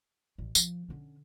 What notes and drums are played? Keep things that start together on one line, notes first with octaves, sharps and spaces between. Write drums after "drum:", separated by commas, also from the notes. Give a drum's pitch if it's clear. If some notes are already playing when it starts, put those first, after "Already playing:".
A1
F3, drum: tambourine
D3 C#4